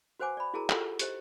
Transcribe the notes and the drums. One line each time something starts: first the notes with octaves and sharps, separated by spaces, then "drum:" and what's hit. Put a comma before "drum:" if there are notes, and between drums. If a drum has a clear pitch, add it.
F#4 B4 C5 F#5 G#5 D6
D5 B5
E4 F#4 G#4 A#4 A5 A#5
F4 G4 A4 F#5, drum: clap
G4 C5 D#5, drum: hi-hat